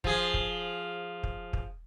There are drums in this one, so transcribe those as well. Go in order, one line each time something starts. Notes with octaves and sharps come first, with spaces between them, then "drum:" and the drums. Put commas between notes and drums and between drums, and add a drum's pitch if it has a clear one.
F3 G#4, drum: kick
drum: kick
drum: kick
drum: kick